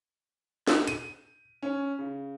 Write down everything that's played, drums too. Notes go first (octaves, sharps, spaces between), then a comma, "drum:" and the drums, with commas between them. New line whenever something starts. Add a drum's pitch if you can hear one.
drum: snare
D#7, drum: hi-hat
C#4
C#3